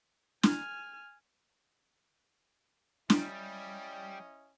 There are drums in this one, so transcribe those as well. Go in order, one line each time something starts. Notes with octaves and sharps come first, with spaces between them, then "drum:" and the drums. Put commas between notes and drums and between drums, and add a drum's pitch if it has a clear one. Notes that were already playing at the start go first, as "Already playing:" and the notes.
G#5 F6, drum: snare
G3 C#4 E4 D#5, drum: snare